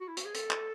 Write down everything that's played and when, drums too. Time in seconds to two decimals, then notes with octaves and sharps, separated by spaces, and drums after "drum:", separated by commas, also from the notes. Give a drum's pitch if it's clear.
0.01 F#4
0.08 E4
0.17 F#4, drum: hi-hat
0.25 G#4
0.34 A4, drum: hi-hat
0.51 drum: clap